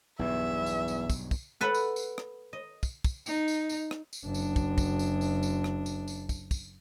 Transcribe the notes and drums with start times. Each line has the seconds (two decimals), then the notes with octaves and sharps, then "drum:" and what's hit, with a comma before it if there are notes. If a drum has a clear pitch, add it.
0.19 B1 E2 G2 B2 E5
0.66 drum: tambourine
0.88 drum: tambourine
1.10 drum: kick, tambourine
1.31 drum: kick, tambourine
1.61 A4 B4 E5 F#5
1.75 drum: tambourine
1.96 drum: tambourine
2.18 drum: rim click
2.53 D#5
2.83 drum: kick, tambourine
3.04 drum: kick, tambourine
3.26 D#4, drum: tambourine
3.48 drum: tambourine
3.69 drum: tambourine
3.91 drum: rim click
4.13 drum: tambourine
4.25 F#1 D4
4.34 drum: tambourine
4.56 drum: kick, tambourine
4.78 drum: kick, tambourine
4.99 drum: tambourine
5.21 drum: tambourine
5.43 drum: tambourine
5.64 drum: rim click
5.86 drum: tambourine
6.08 drum: tambourine
6.29 drum: kick, tambourine
6.51 drum: kick, tambourine